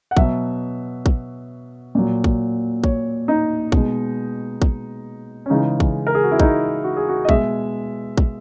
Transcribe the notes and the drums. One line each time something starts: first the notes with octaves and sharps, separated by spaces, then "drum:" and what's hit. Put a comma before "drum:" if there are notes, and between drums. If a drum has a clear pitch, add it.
F#5
B2 F#3 E5, drum: kick
drum: kick
A#2 F#3
drum: kick
C#5, drum: kick
D#4
B2 G#3, drum: kick
drum: kick
C#4
C#3 E3 G#3 D#4
drum: kick
A#4
G#4
F#4
E4
D#4, drum: kick
F#4
G#4
F#4
D#5
B2 G#3 E5, drum: kick
drum: kick